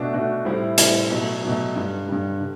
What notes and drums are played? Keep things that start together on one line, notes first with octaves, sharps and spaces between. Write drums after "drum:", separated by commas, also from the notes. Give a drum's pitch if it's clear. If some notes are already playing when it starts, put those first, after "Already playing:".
Already playing: B2 A3 D4 F#4
B2 A3 D4 F#4
A2 G3 C4 E4
A2 G3 C4 E4, drum: hi-hat
B2 F#3 A3
B2 F#3 A3
G2 D3 G3
G2 D3 G3
D3